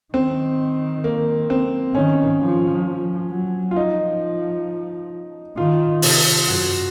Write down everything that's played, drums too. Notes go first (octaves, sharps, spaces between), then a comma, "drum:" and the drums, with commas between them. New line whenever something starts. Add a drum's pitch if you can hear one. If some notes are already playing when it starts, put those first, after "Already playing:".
D#3 C4
A#3
C4
D#3 C#4
F3
F3
F#3
F4
F3 D#4
D#3 F4
C3, drum: open hi-hat
F#2 F#4